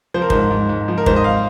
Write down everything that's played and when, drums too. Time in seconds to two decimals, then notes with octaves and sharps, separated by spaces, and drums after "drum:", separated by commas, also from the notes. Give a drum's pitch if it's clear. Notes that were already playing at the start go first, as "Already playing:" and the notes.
0.14 F3 C5
0.22 A#4
0.30 G#2 C5, drum: kick
0.50 G#2
0.69 G#2
0.88 F3
0.98 A#4
1.06 G#2 C5, drum: kick
1.16 D#5
1.24 F5